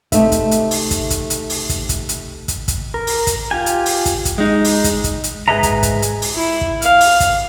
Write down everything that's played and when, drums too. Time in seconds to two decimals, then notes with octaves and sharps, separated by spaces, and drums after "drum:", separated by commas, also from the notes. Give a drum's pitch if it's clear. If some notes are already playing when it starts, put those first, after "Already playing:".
0.12 C3 A3 D#4 E5, drum: kick, hi-hat
0.32 drum: kick, hi-hat
0.51 drum: hi-hat
0.71 drum: open hi-hat
0.91 drum: kick, hi-hat
1.10 drum: kick, hi-hat
1.30 drum: hi-hat
1.50 drum: open hi-hat
1.69 drum: kick, hi-hat
1.89 drum: kick, hi-hat
2.09 drum: hi-hat
2.48 drum: kick, hi-hat
2.68 drum: kick, hi-hat
2.94 A#4
3.07 drum: open hi-hat
3.27 drum: kick, hi-hat
3.51 F4 G4 G#5
3.66 drum: hi-hat
3.86 drum: open hi-hat
4.06 drum: kick, hi-hat
4.25 drum: kick, hi-hat
4.38 G#3 D#4
4.65 drum: open hi-hat
4.84 drum: kick, hi-hat
5.04 drum: kick, hi-hat
5.24 drum: hi-hat
5.48 G#2 G#4 B4 D#5 E5 A#5
5.63 drum: kick, hi-hat
5.83 drum: kick, hi-hat
6.02 drum: hi-hat
6.22 drum: open hi-hat
6.36 E4
6.61 drum: kick
6.82 F5, drum: hi-hat
7.01 drum: open hi-hat
7.20 drum: kick, hi-hat